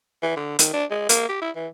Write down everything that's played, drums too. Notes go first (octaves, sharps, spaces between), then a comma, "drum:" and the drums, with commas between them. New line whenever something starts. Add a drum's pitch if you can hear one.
E3
D3
D#3, drum: hi-hat
D4
G#3
A#3, drum: hi-hat
G4
E4
E3